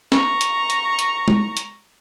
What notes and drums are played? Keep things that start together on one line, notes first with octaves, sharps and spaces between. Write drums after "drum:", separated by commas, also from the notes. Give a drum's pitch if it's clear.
A#5 C#6, drum: snare
drum: hi-hat
drum: hi-hat
drum: hi-hat
drum: tom G#3
drum: hi-hat